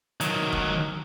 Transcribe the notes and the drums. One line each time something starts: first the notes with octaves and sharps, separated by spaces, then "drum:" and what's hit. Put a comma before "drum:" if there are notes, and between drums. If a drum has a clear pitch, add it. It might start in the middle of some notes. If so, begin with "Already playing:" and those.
D#3 F#3, drum: hi-hat
drum: kick F1